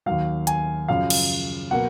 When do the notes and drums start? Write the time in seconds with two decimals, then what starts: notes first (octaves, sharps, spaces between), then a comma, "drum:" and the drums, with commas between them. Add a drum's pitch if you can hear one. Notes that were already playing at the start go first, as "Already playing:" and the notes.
0.06 D#2 D#3 F#3 F5
0.47 G#5, drum: hi-hat
0.88 F#2 C#3 F3 F5
1.10 drum: cymbal
1.71 B2 F#3 A#3 F#5